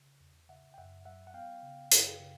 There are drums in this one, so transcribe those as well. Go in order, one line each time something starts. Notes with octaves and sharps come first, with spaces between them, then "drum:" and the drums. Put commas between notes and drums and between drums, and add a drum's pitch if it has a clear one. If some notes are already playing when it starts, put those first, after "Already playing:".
Already playing: C#3
E2
C#3 E5 F#5
G5
F#2 E5 F#5
F#3 E5 F#5
F#5
B3 F5 G5
C#3
F#2, drum: hi-hat
C#3